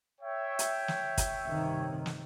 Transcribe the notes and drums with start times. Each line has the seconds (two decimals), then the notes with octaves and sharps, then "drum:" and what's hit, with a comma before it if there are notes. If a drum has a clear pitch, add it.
0.21 C#5 E5 G5
0.59 drum: hi-hat
0.88 drum: snare
1.18 drum: kick, hi-hat
1.47 G2 C3 D#3
2.06 drum: snare